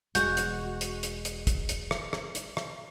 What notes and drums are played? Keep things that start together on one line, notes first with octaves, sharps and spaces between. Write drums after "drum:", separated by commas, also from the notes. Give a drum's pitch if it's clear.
E1 G#3 F#4 G6, drum: hi-hat
drum: hi-hat
drum: hi-hat
drum: hi-hat
drum: hi-hat
drum: kick, hi-hat
drum: hi-hat
drum: rim click
drum: rim click
drum: hi-hat
drum: rim click